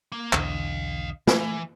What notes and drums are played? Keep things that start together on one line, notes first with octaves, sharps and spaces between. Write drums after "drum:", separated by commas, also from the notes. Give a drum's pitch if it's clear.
A#3
B1 E2 D3 D#5 F5, drum: clap
E3 A3, drum: snare